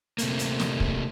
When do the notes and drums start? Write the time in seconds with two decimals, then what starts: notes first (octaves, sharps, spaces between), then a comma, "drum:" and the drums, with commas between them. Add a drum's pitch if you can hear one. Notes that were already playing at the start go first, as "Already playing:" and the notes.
0.18 C3 A3 A#3, drum: hi-hat
0.39 drum: hi-hat
0.59 drum: snare
0.80 drum: kick